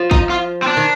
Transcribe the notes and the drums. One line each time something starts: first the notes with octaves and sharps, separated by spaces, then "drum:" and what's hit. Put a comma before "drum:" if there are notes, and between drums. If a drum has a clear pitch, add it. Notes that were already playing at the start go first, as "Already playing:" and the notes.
Already playing: F3
D#4, drum: kick
F4
C4
D4
D#3